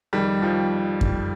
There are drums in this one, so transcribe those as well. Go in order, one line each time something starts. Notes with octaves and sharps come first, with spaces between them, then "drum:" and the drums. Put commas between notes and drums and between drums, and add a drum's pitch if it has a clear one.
F2 D#3 G3
F3
drum: kick F#2